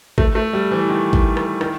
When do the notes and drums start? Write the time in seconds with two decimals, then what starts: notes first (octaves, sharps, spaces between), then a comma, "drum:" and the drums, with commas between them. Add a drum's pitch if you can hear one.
0.18 A3, drum: kick
0.35 A3
0.53 G3
0.71 E3
0.89 D#3
1.13 drum: kick
1.37 drum: rim click
1.61 D#3, drum: rim click